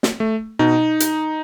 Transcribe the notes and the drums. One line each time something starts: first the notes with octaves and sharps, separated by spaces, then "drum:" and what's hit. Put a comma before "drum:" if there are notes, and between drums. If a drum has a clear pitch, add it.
drum: snare
A3
B2 D#4
drum: hi-hat